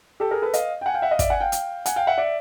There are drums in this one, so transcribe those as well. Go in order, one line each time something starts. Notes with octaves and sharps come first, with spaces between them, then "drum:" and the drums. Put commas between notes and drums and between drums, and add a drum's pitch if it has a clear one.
G4 A4
G#4 A#4
A4 B4
D#5 F5, drum: hi-hat
G5
F#5 G#5
F5 G5
E5 F#5
D#5 F5
D5 E5, drum: kick, hi-hat
F#5 G#5
F5 G5
drum: hi-hat
F#5 G#5, drum: hi-hat
F5 G5
E5 F#5
D5 E5